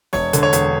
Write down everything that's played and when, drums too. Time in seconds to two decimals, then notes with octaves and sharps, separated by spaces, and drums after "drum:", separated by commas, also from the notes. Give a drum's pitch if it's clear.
0.13 E1 C#5, drum: snare
0.33 D3, drum: hi-hat
0.43 C#5
0.53 E1, drum: hi-hat